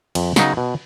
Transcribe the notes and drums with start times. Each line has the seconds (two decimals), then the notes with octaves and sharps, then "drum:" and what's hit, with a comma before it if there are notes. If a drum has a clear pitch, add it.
0.15 F2, drum: cymbal
0.36 C#3 F#3 B3 D#4, drum: snare
0.57 B2